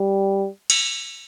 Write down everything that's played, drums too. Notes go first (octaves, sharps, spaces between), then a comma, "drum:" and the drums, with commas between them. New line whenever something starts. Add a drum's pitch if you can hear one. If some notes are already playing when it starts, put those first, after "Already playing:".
Already playing: G3
drum: cymbal